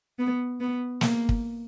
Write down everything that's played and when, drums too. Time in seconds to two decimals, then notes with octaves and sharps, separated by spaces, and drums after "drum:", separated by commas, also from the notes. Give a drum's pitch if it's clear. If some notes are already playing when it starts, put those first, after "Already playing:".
0.19 B3
0.60 B3
1.01 A#3, drum: snare
1.29 drum: kick